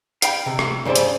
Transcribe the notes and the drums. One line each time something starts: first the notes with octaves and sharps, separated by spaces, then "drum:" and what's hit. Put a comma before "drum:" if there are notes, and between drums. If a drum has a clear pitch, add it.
F5 G5 B5, drum: hi-hat
C3
drum: rim click
G2 C#3 G3 C5 D5 E5
drum: hi-hat